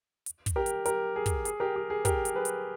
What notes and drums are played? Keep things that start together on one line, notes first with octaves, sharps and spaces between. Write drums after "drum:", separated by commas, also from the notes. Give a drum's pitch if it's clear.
drum: hi-hat
drum: kick, hi-hat
G4 A#4
drum: hi-hat
G4 A#4, drum: hi-hat
G#4
drum: kick, hi-hat
G#4, drum: hi-hat
G4 A#4
G4
G#4
G4 A#4, drum: kick, hi-hat
drum: hi-hat
G#4 B4
drum: hi-hat